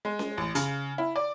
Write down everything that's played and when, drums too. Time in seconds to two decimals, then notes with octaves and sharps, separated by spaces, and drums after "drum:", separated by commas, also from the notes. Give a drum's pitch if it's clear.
0.05 G#3
0.19 drum: snare C#4
0.37 A1
0.55 C#3, drum: hi-hat
0.98 E4
1.16 D5